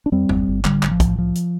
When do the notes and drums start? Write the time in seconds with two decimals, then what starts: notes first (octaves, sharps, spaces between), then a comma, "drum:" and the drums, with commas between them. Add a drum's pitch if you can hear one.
0.06 D4
0.12 F2 G3 C4
0.29 G1, drum: tom E2
0.48 G1
0.65 A1 D3 G3, drum: clap
0.83 A1, drum: clap
0.91 F3
1.00 A2, drum: kick, hi-hat
1.18 C2 F3
1.35 drum: hi-hat